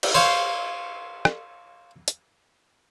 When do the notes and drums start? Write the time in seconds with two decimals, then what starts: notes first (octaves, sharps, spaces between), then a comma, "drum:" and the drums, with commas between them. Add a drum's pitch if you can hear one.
0.03 drum: cymbal
0.15 C5 C#5 F5
1.25 drum: rim click
2.08 drum: hi-hat